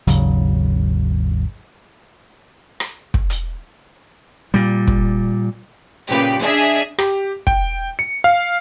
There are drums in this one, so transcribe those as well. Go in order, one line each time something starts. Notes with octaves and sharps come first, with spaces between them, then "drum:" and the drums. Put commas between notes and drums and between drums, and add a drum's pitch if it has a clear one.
G#1 D#2 C#3 F#3, drum: hi-hat
drum: rim click
drum: kick
drum: hi-hat
A#2 G3
drum: kick
A#2 C#3 G4 B4
D4 G#4 D#5 E5
G4, drum: rim click
G5, drum: kick
C#7
F5